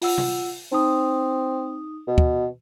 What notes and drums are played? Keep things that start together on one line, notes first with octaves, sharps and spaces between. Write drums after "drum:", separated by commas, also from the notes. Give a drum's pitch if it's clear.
F4 F#5 E6, drum: open hi-hat
drum: tom C3
C4 D#4 D#6
B2
drum: kick